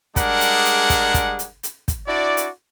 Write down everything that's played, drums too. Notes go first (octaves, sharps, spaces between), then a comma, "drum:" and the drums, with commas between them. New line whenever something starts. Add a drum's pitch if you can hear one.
G3 G#3 D4 G#4 A#4 F#5, drum: kick, hi-hat
drum: hi-hat
drum: hi-hat
drum: kick, hi-hat
drum: kick, hi-hat
drum: hi-hat
drum: hi-hat
drum: kick, hi-hat
D4 E4 F#4 D5
drum: hi-hat